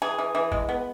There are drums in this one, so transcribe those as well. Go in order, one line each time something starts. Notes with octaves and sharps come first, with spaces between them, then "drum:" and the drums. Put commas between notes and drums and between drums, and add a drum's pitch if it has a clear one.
E3 G#4
E3
E3
G#3, drum: kick G1
B3